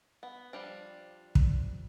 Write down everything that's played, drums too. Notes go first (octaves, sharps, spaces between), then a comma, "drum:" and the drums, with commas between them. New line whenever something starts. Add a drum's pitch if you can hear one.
B3
F3 G3 D4
drum: kick